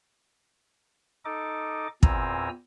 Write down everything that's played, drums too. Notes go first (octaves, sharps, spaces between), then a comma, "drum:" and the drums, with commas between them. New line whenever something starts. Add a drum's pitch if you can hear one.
D#4 A4 D#5 D6
E2 A#2 C4 G#5 A#5 E6, drum: kick